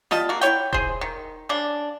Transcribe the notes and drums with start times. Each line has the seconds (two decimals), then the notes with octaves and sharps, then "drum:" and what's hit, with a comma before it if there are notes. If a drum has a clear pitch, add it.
0.11 G3 F4 D#5 A5, drum: snare
0.29 A#3 F#4
0.41 E4 C#5 G5, drum: hi-hat
0.73 G#4 C5, drum: kick E1
1.01 D#3
1.49 C#3 D4